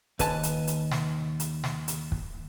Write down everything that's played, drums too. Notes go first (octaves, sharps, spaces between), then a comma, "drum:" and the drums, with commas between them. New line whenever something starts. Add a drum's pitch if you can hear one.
D#2 B4 G#5 A5, drum: kick, hi-hat
drum: hi-hat
drum: hi-hat
drum: snare
drum: hi-hat
drum: snare
drum: hi-hat
drum: kick